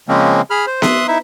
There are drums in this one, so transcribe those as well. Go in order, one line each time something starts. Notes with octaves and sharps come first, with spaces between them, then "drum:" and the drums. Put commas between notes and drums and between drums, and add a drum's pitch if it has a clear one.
C#3 F3 G#3 A#3 C4 C#4
G#4 B5 F6
C5
E5 C6 D#6 F#6, drum: snare B3
D#4 E4 E5